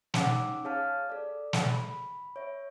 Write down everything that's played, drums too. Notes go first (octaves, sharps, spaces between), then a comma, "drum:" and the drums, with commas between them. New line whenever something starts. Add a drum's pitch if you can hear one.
C#4 D#4 F#5 D6 E6, drum: snare
G#4 C#5 F5 A5 F6
A4 D5
drum: snare
B5
C#5 E5